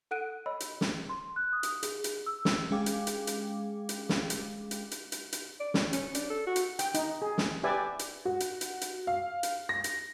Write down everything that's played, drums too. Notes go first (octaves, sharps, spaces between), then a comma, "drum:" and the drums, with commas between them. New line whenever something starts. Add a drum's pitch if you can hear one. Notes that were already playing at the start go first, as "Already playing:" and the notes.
A4 F#5 F#6 D7 D#7
C#5 D#5 B5 E6
drum: hi-hat
drum: snare
C6
F#6
D#6
drum: hi-hat
G#4, drum: hi-hat
drum: hi-hat
E6
drum: snare
G#3 C#4 G#4 F5 G5 D6
drum: hi-hat
drum: hi-hat
drum: hi-hat
drum: hi-hat
drum: snare
drum: hi-hat
drum: hi-hat
drum: hi-hat
drum: hi-hat
drum: hi-hat
D5
C#4, drum: snare
C#4, drum: hi-hat
D4, drum: hi-hat
A4
F#4
drum: hi-hat
G5, drum: hi-hat
D#4, drum: hi-hat
G#4
drum: snare
G4 B4 D5 E5 G#5
drum: hi-hat
F#4
drum: hi-hat
drum: hi-hat
drum: hi-hat
F5
drum: hi-hat
A#6
drum: hi-hat